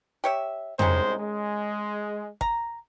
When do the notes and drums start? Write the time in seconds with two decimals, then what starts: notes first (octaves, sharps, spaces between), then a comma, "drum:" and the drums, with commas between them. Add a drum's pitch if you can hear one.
0.24 G4 C#5 E5
0.79 C2 D#3 G#3 C#4 C5, drum: tom
1.19 G#3
2.41 A#5, drum: kick